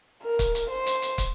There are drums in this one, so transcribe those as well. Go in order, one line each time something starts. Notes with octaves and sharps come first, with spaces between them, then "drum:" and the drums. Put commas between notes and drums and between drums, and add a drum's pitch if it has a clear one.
A#4
drum: kick, hi-hat
drum: hi-hat
C5
drum: hi-hat
drum: hi-hat
drum: kick, hi-hat